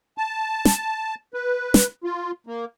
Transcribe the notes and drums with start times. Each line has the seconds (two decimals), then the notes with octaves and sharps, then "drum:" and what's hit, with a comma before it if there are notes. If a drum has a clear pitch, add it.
0.18 A5
0.65 drum: snare
1.34 B4
1.74 drum: snare
2.04 F4
2.47 A#3